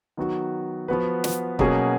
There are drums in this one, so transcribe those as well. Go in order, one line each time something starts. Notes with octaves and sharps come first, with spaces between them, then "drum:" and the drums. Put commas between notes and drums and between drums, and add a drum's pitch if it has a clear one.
D#3 F#3 B3 F#4
F3 B3 F#4 B4
drum: snare
B2 F#3 A#3 C#4 G#4, drum: kick